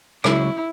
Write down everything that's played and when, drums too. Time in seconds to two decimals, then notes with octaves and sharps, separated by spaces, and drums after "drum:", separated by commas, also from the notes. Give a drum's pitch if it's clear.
0.24 C#2 C#3 F#3 E4, drum: rim click